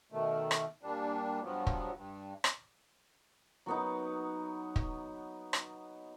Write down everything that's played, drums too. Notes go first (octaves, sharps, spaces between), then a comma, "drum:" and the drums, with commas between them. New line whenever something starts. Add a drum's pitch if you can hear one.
B2 D#3 A3
drum: rim click
A#2 G3 D4
G2 F3 F#3 B3
drum: kick
G2
drum: rim click
F#3 B3 D#4
drum: kick
drum: rim click